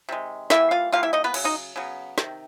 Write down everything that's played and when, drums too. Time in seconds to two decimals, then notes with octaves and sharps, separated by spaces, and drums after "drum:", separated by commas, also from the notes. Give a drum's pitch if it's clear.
0.09 C3 D#3 G#3
0.50 E3 G3 A#3 E4 E5, drum: snare
0.71 F4 F5
0.92 E3 G3 A#3 F4 F5
1.03 E4 E5
1.13 D#4 D#5
1.24 B3 B4
1.34 C#3 F#3, drum: cymbal
1.44 D#4 D#5
1.76 C#3 F#3 B3
2.18 C3 D#3, drum: snare